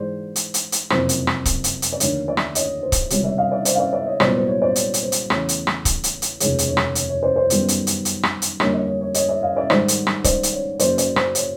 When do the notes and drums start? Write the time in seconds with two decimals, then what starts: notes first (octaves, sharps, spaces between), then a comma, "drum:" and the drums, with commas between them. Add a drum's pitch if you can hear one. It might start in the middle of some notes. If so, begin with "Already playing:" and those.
Already playing: G#2 E3 G#3 C5 D5
0.36 drum: hi-hat
0.54 drum: hi-hat
0.72 drum: hi-hat
0.90 F#1 F2 C3 C5, drum: rim click
1.09 drum: hi-hat
1.27 drum: rim click
1.45 drum: kick C#1, hi-hat
1.64 drum: hi-hat
1.82 drum: hi-hat
1.92 D5
2.00 D#2 D3 F3 A3 D4 C#5, drum: hi-hat
2.28 D5 E5
2.37 drum: rim click
2.55 C#5 D#5, drum: hi-hat
2.83 C5
2.92 drum: kick C#1, hi-hat
3.10 C#2 C3 D#3 G3 C#5, drum: hi-hat
3.24 D5 E5
3.38 D#5 F5
3.52 D5 E5
3.65 C5 D5, drum: hi-hat
3.75 F5
3.79 D5 E5
3.93 D5 E5
4.06 C#5 D#5
4.20 C2 A#2 F#3 B3 C5 D5, drum: rim click
4.34 C5
4.48 C#5
4.62 C5 D5
4.76 C#5, drum: hi-hat
4.94 drum: hi-hat
5.03 C5
5.12 drum: hi-hat
5.30 E2 C#3 E3 A3 C#5, drum: rim click
5.49 drum: hi-hat
5.67 drum: rim click
5.85 drum: kick C#1, hi-hat
6.04 drum: hi-hat
6.22 drum: hi-hat
6.40 F1 D#2 C#3 F3 G#3 C#5, drum: hi-hat
6.58 drum: hi-hat
6.68 C#5
6.77 drum: rim click
6.95 C#5, drum: hi-hat
7.09 C#5
7.23 C5 D5
7.36 C5 D5
7.50 F#2 D#3 G3 B3, drum: hi-hat
7.68 drum: hi-hat
7.87 drum: hi-hat
8.05 drum: hi-hat
8.23 drum: rim click
8.42 drum: hi-hat
8.60 F2 D3 G3 A#3 D4 C#5 D#5, drum: rim click
8.73 C#5 D#5
8.87 C#5
9.01 C#5
9.14 C#5 D#5, drum: hi-hat
9.29 D5 E5
9.43 D#5 F5
9.57 D5 E5
9.70 G#2 D#3 G3 C5 D5, drum: rim click
9.88 drum: hi-hat
10.07 drum: rim click
10.24 C5 D5, drum: kick C#1, hi-hat
10.43 drum: hi-hat
10.53 C#5
10.79 F#2 C#3 F#3 A#3 C5 D5, drum: hi-hat
10.98 C5 D5, drum: hi-hat
11.16 C5, drum: rim click
11.35 C#5, drum: hi-hat